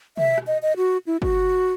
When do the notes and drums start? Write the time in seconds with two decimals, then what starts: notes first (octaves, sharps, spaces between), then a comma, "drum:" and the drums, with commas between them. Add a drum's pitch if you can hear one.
0.17 E5, drum: tom
0.38 drum: rim click
0.47 D#5
0.62 D#5
0.77 F#4
1.07 E4
1.22 F#4, drum: kick